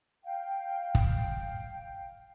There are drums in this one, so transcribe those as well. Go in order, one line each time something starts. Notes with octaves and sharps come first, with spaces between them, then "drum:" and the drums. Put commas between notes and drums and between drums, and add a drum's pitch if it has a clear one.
F5 G5
drum: kick